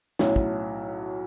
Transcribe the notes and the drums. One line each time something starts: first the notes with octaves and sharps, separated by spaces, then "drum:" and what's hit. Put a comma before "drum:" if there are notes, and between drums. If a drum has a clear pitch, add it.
B1 A2 F#3 C#4 E4, drum: snare
drum: kick